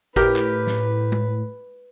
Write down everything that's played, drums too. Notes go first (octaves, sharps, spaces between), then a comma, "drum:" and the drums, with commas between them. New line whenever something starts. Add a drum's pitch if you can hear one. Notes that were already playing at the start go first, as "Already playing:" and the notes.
A2 G4 A#4 B4, drum: kick G1
drum: clap
drum: snare
drum: tom